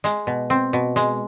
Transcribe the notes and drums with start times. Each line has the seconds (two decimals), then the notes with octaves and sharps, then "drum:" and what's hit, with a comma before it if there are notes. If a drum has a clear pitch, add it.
0.04 G#3, drum: hi-hat
0.27 B2
0.50 C4
0.73 B2
0.96 G#3, drum: hi-hat